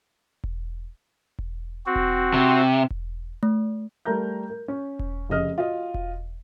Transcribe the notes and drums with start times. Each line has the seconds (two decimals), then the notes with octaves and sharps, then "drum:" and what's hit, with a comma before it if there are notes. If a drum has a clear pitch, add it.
0.44 drum: kick E1
1.39 drum: kick E1
1.86 C4 F#4
1.96 drum: kick E1
2.34 C3
2.90 drum: kick E1
3.43 A3
4.05 G3 A3 A#4 A#5 G6
4.50 A#4
4.68 C#4
4.99 drum: kick E1
5.29 F1 C#3 D#5 F6
5.58 F4 F#4 D#5 F5
5.94 drum: kick E1